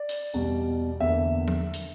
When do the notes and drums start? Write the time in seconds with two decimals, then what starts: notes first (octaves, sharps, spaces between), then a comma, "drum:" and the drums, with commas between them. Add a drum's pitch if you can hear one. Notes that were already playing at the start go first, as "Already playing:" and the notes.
Already playing: D5
0.09 drum: hi-hat
0.34 E2 B2 G3, drum: tambourine
1.00 E2 D3 A#3 E5
1.48 drum: tom F3
1.74 drum: hi-hat